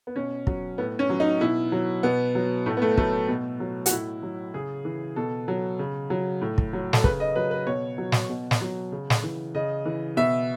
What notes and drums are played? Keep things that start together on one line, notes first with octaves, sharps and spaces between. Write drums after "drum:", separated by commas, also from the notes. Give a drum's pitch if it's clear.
B3
B2 C#4
F#3, drum: kick
A2 B3
C#4
F#3
D#4
B2 E4
F#3
B2 B3
F#3
A2 A3
B3
A3
F#3 A3, drum: kick
B2
F#3
F#4, drum: hi-hat
A2 E4
F#3
C#3 G#4
E3
B2 A4
F#3
C#3
F#3
A2
drum: kick
F#3
A4, drum: snare
C#3 B4, drum: kick
D#5
F#3 B4
B4
B2 C#5
F#3
drum: snare
B2
drum: snare
F#3
C#3
drum: snare
E3
C#3 D#5
E3
B2 E5